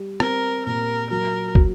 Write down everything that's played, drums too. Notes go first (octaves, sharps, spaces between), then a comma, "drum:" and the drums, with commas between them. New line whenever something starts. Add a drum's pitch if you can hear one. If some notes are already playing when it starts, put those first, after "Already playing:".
Already playing: G3
C4 A#4, drum: rim click
A#2 A#4
F#3 A#4
F#3, drum: kick